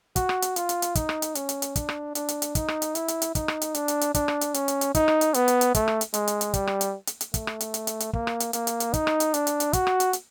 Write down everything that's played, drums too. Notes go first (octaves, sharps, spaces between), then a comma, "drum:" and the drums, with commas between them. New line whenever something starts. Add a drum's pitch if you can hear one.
F#4, drum: kick, hi-hat
drum: rim click
drum: hi-hat
F4, drum: hi-hat
drum: hi-hat
drum: hi-hat
D#4, drum: kick, hi-hat
drum: rim click
drum: hi-hat
C#4, drum: hi-hat
drum: hi-hat
drum: hi-hat
D4, drum: kick, hi-hat
drum: rim click
D4, drum: hi-hat
drum: hi-hat
drum: hi-hat
D#4, drum: kick, hi-hat
drum: rim click
drum: hi-hat
E4, drum: hi-hat
drum: hi-hat
drum: hi-hat
D#4, drum: kick, hi-hat
drum: rim click
drum: hi-hat
D4, drum: hi-hat
drum: hi-hat
drum: hi-hat
D4, drum: kick, hi-hat
drum: rim click
drum: hi-hat
C#4, drum: hi-hat
drum: hi-hat
drum: hi-hat
D#4, drum: kick, hi-hat
drum: rim click
drum: hi-hat
B3, drum: hi-hat
drum: hi-hat
drum: hi-hat
A3, drum: kick, hi-hat
drum: rim click
drum: hi-hat
G#3, drum: hi-hat
drum: hi-hat
drum: hi-hat
G3, drum: kick, hi-hat
drum: rim click
drum: hi-hat
drum: hi-hat
drum: hi-hat
A3, drum: kick, hi-hat
drum: rim click
drum: hi-hat
drum: hi-hat
drum: hi-hat
drum: hi-hat
A#3, drum: kick
drum: rim click
drum: hi-hat
A#3, drum: hi-hat
drum: hi-hat
drum: hi-hat
D#4, drum: kick, hi-hat
drum: rim click
drum: hi-hat
D4, drum: hi-hat
drum: hi-hat
drum: hi-hat
F#4, drum: kick, hi-hat
drum: rim click
drum: hi-hat
drum: hi-hat